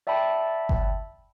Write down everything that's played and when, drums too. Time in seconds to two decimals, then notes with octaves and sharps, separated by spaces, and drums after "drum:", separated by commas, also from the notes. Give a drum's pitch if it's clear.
0.07 D5 E5 G5 A5 B5
0.69 drum: kick G1